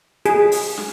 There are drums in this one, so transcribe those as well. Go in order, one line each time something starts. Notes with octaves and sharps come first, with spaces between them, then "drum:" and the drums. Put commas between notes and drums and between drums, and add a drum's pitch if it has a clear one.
G#4, drum: hi-hat
drum: open hi-hat
drum: snare